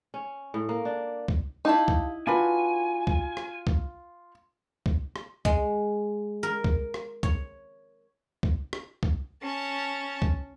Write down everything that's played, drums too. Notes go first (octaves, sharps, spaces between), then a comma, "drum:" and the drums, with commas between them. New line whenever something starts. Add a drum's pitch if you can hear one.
C#4
A2
A#3
D4
drum: kick
D#4 E4 G4 F5 A5
drum: kick
D4 F4 F#4 B4 G#5
drum: kick
drum: rim click
drum: kick
drum: kick
drum: rim click
G#3, drum: kick
A#4
drum: kick
drum: rim click
C#5, drum: kick
drum: kick
drum: rim click
drum: kick
C#4 A5
drum: kick